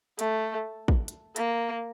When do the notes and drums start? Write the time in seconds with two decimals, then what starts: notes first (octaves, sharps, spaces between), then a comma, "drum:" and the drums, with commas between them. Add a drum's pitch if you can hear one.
0.19 A3, drum: hi-hat
0.88 drum: kick
1.08 drum: hi-hat
1.36 A#3, drum: hi-hat